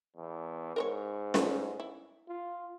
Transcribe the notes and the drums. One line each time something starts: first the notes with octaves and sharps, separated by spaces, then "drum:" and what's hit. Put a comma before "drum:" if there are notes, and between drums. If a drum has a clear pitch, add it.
E2
G#2 A#4 C5 C#5
A3 A4 B4, drum: snare C#4
E4
F4